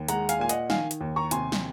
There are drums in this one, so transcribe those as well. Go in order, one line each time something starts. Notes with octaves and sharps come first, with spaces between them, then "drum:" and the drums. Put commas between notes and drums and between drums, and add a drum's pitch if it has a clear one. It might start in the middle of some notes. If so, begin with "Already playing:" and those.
Already playing: D#2
G#3 F#5 A#5, drum: hi-hat
F5 G#5, drum: hi-hat
A#2 G#5
D#5 F#5, drum: hi-hat
D#3 F5 G#5, drum: snare
drum: hi-hat
D#2
A#5 C#6
C3 G#5 C6, drum: hi-hat
drum: snare